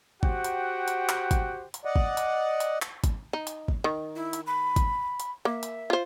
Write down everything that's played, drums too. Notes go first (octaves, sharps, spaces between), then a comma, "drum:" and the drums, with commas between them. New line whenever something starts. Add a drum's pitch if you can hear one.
F#4 G4 C5 F#5 G5, drum: kick G#1
drum: hi-hat
drum: hi-hat
drum: clap
drum: kick G#1, hi-hat
drum: hi-hat
D5 D#5 F#5
drum: kick G#1
drum: hi-hat
drum: hi-hat
drum: clap
drum: kick G#1, hi-hat
D#4
drum: hi-hat
drum: kick G#1
D#3
E4
drum: hi-hat
B5
drum: kick G#1, hi-hat
drum: hi-hat
A#3 E5
drum: hi-hat
F4 C5